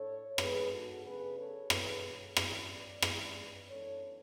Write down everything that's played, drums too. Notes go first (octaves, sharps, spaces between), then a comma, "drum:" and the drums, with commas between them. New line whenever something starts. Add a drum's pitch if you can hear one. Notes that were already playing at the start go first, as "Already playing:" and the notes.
Already playing: A2 D4 A4 C#5
G#2 G#3 B3 D4 G#4 B4, drum: rim click
F#4 A4
C#3 F#3 B3 D4 G#4 B4
A4 C#5
B2 G#3 D4 G#4 B4, drum: rim click
A4 C#5
A2 F#3 C#4, drum: rim click
B4 D5
G#2 G#3 C#4, drum: rim click
F#2 E3 B3 D4 A4 C#5